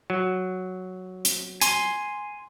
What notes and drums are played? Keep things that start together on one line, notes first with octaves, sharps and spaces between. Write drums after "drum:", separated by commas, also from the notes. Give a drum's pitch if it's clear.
F#3
drum: hi-hat
G#5 C6, drum: hi-hat